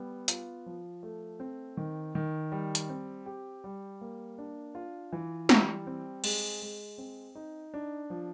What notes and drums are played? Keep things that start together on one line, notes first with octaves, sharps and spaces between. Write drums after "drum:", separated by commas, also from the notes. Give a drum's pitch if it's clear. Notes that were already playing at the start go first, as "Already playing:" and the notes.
Already playing: G3 B3
F4, drum: hi-hat
F3
A3
C4
D#3
D#3
G3
drum: hi-hat
C4
G4
G3
A#3
D4
F4
E3
G3, drum: snare
C4
G#3, drum: cymbal
G#3
C4
D#4
D4
F3